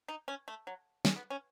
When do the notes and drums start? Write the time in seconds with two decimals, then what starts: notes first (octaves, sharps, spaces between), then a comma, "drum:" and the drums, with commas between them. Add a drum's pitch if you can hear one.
0.08 D#4
0.28 C#4
0.48 A3
0.67 F#3
1.05 C#4, drum: snare
1.16 B3
1.30 C#4